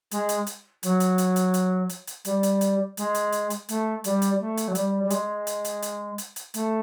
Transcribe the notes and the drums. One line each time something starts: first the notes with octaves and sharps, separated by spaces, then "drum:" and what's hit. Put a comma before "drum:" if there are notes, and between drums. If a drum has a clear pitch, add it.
G#3, drum: hi-hat
drum: hi-hat
drum: hi-hat
F#3, drum: hi-hat
drum: hi-hat
drum: hi-hat
drum: hi-hat
drum: hi-hat
drum: hi-hat
drum: hi-hat
G3, drum: hi-hat
drum: hi-hat
drum: hi-hat
G#3, drum: hi-hat
drum: hi-hat
drum: hi-hat
drum: hi-hat
A3, drum: hi-hat
G3, drum: hi-hat
drum: hi-hat
A3
drum: hi-hat
F#3
G3, drum: hi-hat
G3
G#3, drum: hi-hat
drum: hi-hat
drum: hi-hat
drum: hi-hat
drum: hi-hat
drum: hi-hat
A3, drum: hi-hat